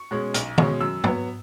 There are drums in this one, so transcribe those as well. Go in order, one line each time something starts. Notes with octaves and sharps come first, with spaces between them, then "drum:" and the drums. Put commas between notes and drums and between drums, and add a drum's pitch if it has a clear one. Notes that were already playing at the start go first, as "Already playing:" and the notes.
Already playing: C#6
B2 G#3 C#4
B1, drum: hi-hat
B2 G#3 C#4, drum: tom D#3
F#2 E6
F#3 B3, drum: tom G#2